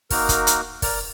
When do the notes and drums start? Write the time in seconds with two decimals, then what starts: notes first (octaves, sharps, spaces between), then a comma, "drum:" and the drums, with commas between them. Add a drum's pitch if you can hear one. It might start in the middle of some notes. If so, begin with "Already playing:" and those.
0.11 A#3 D#4 F#4 A#4, drum: kick, open hi-hat
0.29 drum: kick, hi-hat
0.47 drum: hi-hat
0.82 A#4 D5, drum: kick, open hi-hat